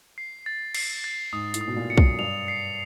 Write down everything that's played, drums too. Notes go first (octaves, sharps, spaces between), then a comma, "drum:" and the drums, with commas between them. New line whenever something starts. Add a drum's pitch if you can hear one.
C7
A6
C7, drum: cymbal
A6
G#2 D#6
A2, drum: hi-hat
D#6
B2
A#2
C#7
F#2, drum: kick
G2 F7
C7